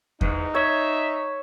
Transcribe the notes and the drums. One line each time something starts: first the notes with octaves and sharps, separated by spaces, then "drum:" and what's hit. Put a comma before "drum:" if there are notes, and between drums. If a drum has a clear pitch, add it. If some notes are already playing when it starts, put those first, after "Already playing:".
E2 G#2 D#4, drum: kick E2
C#5 E5